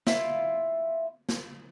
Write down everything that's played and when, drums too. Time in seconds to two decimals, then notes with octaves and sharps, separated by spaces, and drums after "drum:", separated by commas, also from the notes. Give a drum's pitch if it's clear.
0.07 E4 F4, drum: snare
1.29 drum: snare